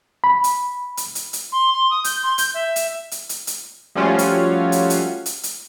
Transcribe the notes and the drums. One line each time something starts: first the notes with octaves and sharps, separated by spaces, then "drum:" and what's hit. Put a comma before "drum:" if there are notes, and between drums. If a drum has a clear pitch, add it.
B5
drum: hi-hat
drum: hi-hat
drum: hi-hat
drum: hi-hat
C6
C6
D#6
G6, drum: hi-hat
C6
G6, drum: hi-hat
E5
drum: hi-hat
drum: hi-hat
drum: hi-hat
drum: hi-hat
F3 G3 A3 C#4 F4 F#4
drum: hi-hat
drum: hi-hat
drum: hi-hat
drum: hi-hat
drum: hi-hat